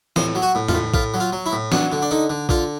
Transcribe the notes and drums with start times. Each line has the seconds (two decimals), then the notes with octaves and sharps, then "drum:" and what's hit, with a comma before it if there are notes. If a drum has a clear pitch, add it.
0.16 A2 C5, drum: snare
0.35 F#3
0.42 F#4
0.55 A2
0.68 F4, drum: tom E2
0.74 A2
0.94 A2 F4, drum: kick A#1
1.14 F#3
1.20 F4
1.33 F#3
1.46 E4
1.52 A2
1.72 F#3 D4, drum: snare
1.92 D3
2.02 D4
2.11 D3 D#4
2.30 D3
2.49 D3 F4, drum: kick A#1